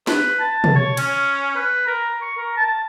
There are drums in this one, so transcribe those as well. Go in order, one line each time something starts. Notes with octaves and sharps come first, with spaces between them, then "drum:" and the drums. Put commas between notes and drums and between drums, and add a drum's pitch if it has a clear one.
B4, drum: snare
A5
drum: tom
C#5
C#4, drum: cymbal
B4
A#4
C#6
A#4
A5